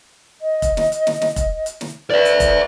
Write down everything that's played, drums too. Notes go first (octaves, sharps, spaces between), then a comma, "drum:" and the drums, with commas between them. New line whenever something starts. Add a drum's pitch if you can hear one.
D#5
drum: kick, hi-hat
drum: snare
drum: hi-hat
drum: snare
drum: snare
drum: kick, hi-hat
drum: hi-hat
drum: snare
B4 D5 E5
drum: hi-hat
drum: kick, hi-hat